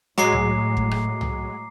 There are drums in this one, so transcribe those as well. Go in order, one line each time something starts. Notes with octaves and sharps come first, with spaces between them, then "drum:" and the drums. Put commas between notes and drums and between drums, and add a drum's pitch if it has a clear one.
A2 F#3 G#3 A#5 D6 C7
drum: tom C2
drum: kick
drum: rim click
drum: tom C2